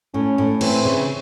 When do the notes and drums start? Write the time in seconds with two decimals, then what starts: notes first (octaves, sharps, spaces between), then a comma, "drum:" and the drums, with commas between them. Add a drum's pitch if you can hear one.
0.14 A2 C#4
0.38 A2
0.61 E3 C4, drum: cymbal
0.85 C#3